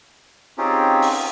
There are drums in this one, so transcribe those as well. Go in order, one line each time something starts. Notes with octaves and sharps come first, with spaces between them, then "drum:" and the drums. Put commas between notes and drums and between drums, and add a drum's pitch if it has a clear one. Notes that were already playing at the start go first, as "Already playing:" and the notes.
C4 C#4 D#4 F4 G4 G#4
drum: open hi-hat